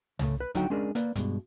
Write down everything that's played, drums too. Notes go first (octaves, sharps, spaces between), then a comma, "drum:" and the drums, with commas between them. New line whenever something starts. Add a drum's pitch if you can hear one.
C#3 A3, drum: tom
B4
D3 F#3 D#4 F#4 F#5 G5, drum: kick, hi-hat
G#3 C#4 D4 G#4 A#4 D5
A#3 B4 D5, drum: hi-hat
G2 B2 G#3, drum: kick, hi-hat